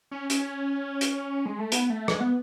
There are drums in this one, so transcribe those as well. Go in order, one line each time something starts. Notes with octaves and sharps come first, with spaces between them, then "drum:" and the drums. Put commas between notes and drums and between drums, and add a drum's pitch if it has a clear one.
C#4
C#4, drum: hi-hat
drum: hi-hat
G#3
A3
B3, drum: hi-hat
A3
G#3, drum: rim click
B3